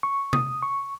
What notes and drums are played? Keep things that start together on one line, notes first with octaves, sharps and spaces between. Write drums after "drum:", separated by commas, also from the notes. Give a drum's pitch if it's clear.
C#6
D#6, drum: tom C3
C#6